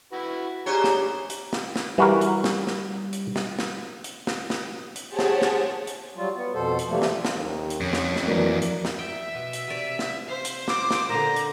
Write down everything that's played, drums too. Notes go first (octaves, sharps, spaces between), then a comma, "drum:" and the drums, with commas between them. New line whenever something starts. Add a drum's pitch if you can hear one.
E4 F#4 B4
C#4 D4 G4 G#4 C5 C#5 A#5
drum: snare
drum: hi-hat
drum: snare
drum: snare
E3 G3 F#4 A#4
drum: hi-hat
drum: snare
drum: snare
drum: hi-hat
drum: snare
drum: snare
drum: hi-hat
drum: snare
drum: snare
drum: hi-hat
G4 G#4 C5 C#5 F#5 A5
drum: snare
drum: snare
drum: hi-hat
F#3 G3 F4
B3
F2 B2 A4 C5
drum: hi-hat
C3 E3 F3 G3 A3 A#3
drum: snare
drum: snare
D#2
drum: hi-hat
F2 C#4
drum: snare
drum: snare
E3 F#3 A#3 D5
drum: hi-hat
drum: snare
E5 G5
B2
drum: hi-hat
C3 D5
drum: snare
C5 F5
drum: hi-hat
D6, drum: snare
drum: snare
A#2 D3 A#5
drum: hi-hat